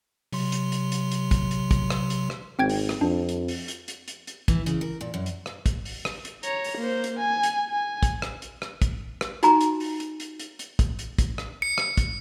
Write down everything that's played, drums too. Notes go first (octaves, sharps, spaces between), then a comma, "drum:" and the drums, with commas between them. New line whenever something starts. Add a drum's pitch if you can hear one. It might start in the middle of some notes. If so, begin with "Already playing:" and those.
C3 F#3 C6, drum: open hi-hat
drum: hi-hat
drum: hi-hat
drum: hi-hat
drum: hi-hat
drum: kick, hi-hat
drum: hi-hat
drum: kick, hi-hat
drum: rim click
drum: hi-hat
drum: rim click
G#1 C4 G5 G#6
drum: open hi-hat
drum: rim click
F2 D4
drum: hi-hat
drum: open hi-hat
drum: hi-hat
drum: hi-hat
drum: hi-hat
drum: hi-hat
E3, drum: kick, hi-hat
C#3, drum: hi-hat
A#4
A#2
F#2
drum: hi-hat
drum: rim click
drum: kick, hi-hat
drum: open hi-hat
drum: rim click
drum: hi-hat
C#5 A#5, drum: hi-hat
drum: open hi-hat
A#3 C5
drum: hi-hat
G#5
drum: hi-hat
G#5
drum: kick, hi-hat
drum: rim click
drum: hi-hat
drum: rim click
drum: kick, hi-hat
drum: rim click
D#4 F4 F#4 G#5 A#5, drum: hi-hat
drum: hi-hat
drum: open hi-hat
drum: hi-hat
drum: hi-hat
drum: hi-hat
drum: hi-hat
drum: kick, hi-hat
drum: hi-hat
drum: kick, hi-hat
drum: rim click
C#7
drum: rim click
drum: kick, hi-hat